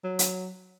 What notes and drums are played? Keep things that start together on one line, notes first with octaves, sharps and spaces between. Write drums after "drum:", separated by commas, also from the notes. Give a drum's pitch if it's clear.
F#3
drum: hi-hat